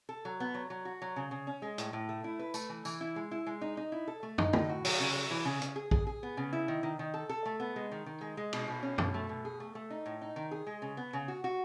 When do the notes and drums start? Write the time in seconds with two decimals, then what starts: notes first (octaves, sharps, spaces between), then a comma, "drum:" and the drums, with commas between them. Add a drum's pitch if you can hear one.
0.09 A4
0.25 F#3
0.40 B3
0.54 F#3
0.70 F#3
0.85 F#4
1.02 F#3
1.16 C#3
1.31 C#3
1.47 C#4
1.62 G#3
1.78 A2, drum: hi-hat
1.93 A2
2.09 A3
2.24 E4
2.39 B4
2.54 A3, drum: tambourine
2.69 E3
2.85 E3, drum: tambourine
3.01 E4
3.16 G#3
3.31 E4
3.47 G#3
3.61 D#4
3.77 D#4
3.92 E4
4.08 A4
4.23 A3
4.38 D#4, drum: tom
4.53 A2, drum: tom D3
4.69 F#4
4.85 F#3, drum: open hi-hat
5.00 C#3
5.15 F#3
5.31 E3
5.45 C#3
5.62 C#3, drum: hi-hat
5.76 G#4
5.91 G#4, drum: kick A#1
6.07 G#4
6.23 B3
6.37 C#3
6.53 E4
6.68 D#3
6.83 D#3
6.99 D#3
7.14 A4
7.30 A4
7.46 A3
7.60 B3
7.76 G#3
7.92 D#3
8.06 D#3
8.21 G#3
8.37 G#3
8.53 B2, drum: cymbal
8.68 B2
8.83 C#4
8.98 B2, drum: tom
9.14 A3
9.29 B2
9.45 G#4
9.60 A3
9.75 A3
9.90 D#4
10.06 A2
10.21 D#4
10.36 D#3
10.51 G#4
10.67 G#3
10.82 C#3
10.97 B3
11.13 C#3
11.28 F#4
11.44 F#4